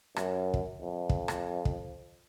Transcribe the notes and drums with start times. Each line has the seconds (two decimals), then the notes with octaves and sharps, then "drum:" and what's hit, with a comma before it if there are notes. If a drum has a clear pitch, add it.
0.16 F#2, drum: rim click
0.54 drum: kick
0.81 F2
1.09 drum: kick
1.28 drum: rim click
1.65 drum: kick